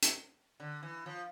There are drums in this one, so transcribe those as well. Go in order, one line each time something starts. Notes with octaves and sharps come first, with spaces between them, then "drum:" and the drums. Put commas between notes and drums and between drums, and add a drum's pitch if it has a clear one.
drum: hi-hat
D3
E3
F3